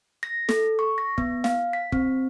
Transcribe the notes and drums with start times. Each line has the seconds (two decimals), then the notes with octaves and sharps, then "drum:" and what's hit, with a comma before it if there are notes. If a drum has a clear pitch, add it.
0.23 A#6
0.49 A4, drum: snare
0.79 C#6
0.98 A#6
1.18 B3, drum: kick
1.44 F5, drum: snare
1.73 B6
1.92 C4, drum: kick